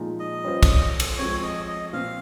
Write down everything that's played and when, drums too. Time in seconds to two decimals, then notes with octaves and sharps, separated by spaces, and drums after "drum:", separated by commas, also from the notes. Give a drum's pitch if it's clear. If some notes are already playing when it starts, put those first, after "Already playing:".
Already playing: A#2 F3 G#3 D#4
0.20 D#5
0.44 G3 C#4 F4 C5
0.63 drum: kick, cymbal
1.00 drum: cymbal
1.18 F3 G#3 C4 C#5
1.43 D#5
1.68 D#5
1.93 A#2 F3 C4 F4 F5